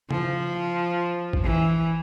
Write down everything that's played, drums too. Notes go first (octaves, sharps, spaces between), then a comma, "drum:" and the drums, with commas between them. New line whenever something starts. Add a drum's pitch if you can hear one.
F3, drum: tom C#3
drum: kick A1
E3